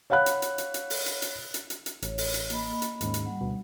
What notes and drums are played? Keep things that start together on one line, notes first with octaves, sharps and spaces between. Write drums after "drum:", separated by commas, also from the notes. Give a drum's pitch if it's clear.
C#5 F5 F#5 B5 F#6
drum: hi-hat
drum: hi-hat
drum: hi-hat
drum: hi-hat
drum: open hi-hat
drum: hi-hat
drum: hi-hat
drum: hi-hat
drum: hi-hat
drum: hi-hat
A1 C#5, drum: hi-hat
drum: open hi-hat
drum: hi-hat
A#3 D#5 B5, drum: hi-hat
drum: hi-hat
D#2 G#2 C#3, drum: hi-hat
drum: hi-hat
G3 F#5
D2 B2